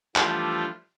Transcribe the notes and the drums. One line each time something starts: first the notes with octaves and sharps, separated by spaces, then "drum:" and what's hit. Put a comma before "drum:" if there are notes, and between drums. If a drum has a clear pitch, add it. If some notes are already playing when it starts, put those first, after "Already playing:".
E3 F3 G3 A3 D4 F4, drum: clap